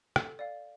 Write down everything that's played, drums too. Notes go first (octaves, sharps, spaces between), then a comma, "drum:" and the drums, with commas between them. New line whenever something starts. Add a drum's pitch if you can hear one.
A4, drum: rim click
D5 F5